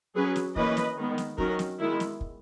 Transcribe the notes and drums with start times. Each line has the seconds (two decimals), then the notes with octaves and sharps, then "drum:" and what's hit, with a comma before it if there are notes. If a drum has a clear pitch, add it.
0.15 F#3 C#4 G#4 B4
0.36 drum: snare
0.56 E3 A#3 C#4 B4 D#5, drum: kick
0.77 drum: snare
0.98 D#3 G#3 B3
1.18 drum: snare
1.38 D#3 F#3 C#4 F#4 A#4, drum: kick
1.59 drum: snare
1.79 D#3 G#3 B3 E4
2.00 drum: snare
2.21 drum: kick